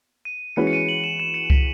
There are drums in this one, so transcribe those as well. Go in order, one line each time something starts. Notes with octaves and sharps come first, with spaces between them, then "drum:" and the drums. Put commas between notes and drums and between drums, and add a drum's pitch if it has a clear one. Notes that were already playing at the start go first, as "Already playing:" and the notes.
D#7
E3 G#3 C#4 F#4 B4 C#7
C#7
D#7
F#7
E7
E7
C#7
B6, drum: kick C2